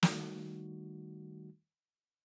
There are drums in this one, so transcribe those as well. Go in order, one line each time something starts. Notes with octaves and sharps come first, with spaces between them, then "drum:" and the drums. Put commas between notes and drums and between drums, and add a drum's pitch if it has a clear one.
D#3 G3 A3 D#4 F#4, drum: snare